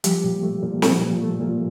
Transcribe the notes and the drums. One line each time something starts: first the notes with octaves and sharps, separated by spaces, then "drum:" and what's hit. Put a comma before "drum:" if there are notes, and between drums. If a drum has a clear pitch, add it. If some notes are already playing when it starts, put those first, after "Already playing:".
F3 G3 G4, drum: hi-hat
A#2
A3
A#2
F3, drum: snare
A#2
A3
A#2